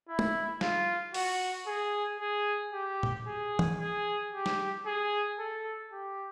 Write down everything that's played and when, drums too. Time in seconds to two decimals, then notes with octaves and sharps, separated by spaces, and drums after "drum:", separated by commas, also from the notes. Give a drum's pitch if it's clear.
0.09 E4
0.19 drum: tom
0.61 F4, drum: snare
1.14 F#4, drum: open hi-hat
1.67 G#4
2.20 G#4
2.73 G4
3.03 drum: tom
3.27 G#4
3.59 drum: tom
3.80 G#4
4.33 G4
4.46 drum: snare
4.86 G#4
5.39 A4
5.92 G4